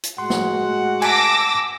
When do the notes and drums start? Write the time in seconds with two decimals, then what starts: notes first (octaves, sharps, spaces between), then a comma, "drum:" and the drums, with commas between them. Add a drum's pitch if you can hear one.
0.03 drum: hi-hat
0.18 A2 G#3 F#4 F#5 C6
0.30 drum: snare
1.02 G#5 A5 D6 E6 A#6, drum: cymbal